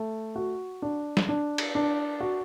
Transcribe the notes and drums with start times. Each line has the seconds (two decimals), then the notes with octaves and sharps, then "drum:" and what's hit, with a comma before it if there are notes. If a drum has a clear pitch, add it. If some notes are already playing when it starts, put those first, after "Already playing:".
Already playing: A3
0.36 F#4
0.82 D4
1.17 drum: snare
1.29 D4
1.58 drum: cymbal
1.75 D4
2.20 F#4